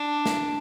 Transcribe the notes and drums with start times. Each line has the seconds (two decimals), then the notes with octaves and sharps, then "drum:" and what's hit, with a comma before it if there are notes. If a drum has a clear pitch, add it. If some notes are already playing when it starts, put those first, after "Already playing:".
Already playing: D4
0.26 drum: snare